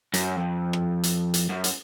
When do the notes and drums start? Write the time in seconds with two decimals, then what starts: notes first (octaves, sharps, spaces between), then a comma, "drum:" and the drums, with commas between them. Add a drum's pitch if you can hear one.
0.14 F#2, drum: hi-hat
0.36 F2
0.73 drum: rim click
1.03 drum: hi-hat
1.34 drum: hi-hat
1.49 F#2
1.64 drum: hi-hat